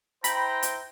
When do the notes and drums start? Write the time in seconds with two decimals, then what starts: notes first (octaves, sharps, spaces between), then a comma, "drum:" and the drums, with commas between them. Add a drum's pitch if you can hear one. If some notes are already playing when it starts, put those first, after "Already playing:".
0.24 E4 C5 G5 A#5 B5, drum: hi-hat
0.63 drum: hi-hat